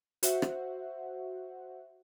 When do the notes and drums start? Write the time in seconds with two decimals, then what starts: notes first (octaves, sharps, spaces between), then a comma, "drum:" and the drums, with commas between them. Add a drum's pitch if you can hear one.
0.23 F#4 C5 E5 F#5, drum: hi-hat
0.42 drum: rim click